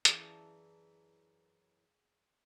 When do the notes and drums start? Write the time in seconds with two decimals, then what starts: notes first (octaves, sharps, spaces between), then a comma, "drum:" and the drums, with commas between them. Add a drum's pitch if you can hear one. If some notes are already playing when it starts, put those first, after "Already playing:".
0.05 F#2 E3 G#4 D5 F5 A5, drum: hi-hat